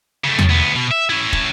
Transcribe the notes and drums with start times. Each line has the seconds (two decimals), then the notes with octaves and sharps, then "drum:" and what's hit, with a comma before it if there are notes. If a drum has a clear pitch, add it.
0.24 C#3 A3
0.39 drum: tom E2
0.51 D2 B3
0.76 B2
0.91 E5
1.10 C#4 E4
1.33 drum: kick